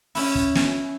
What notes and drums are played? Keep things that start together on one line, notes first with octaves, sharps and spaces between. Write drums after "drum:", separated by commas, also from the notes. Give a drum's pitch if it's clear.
C#4 E4, drum: open hi-hat
drum: kick
drum: snare